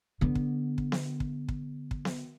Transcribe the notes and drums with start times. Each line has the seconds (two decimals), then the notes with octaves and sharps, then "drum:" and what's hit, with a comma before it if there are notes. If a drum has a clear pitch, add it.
0.21 D3 B3
0.35 drum: kick
0.78 drum: kick
0.92 drum: snare B3
1.20 drum: kick
1.49 drum: kick
1.91 drum: kick
2.05 drum: snare B3